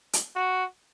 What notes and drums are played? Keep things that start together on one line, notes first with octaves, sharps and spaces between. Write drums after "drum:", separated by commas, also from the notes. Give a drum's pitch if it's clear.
drum: hi-hat
F#4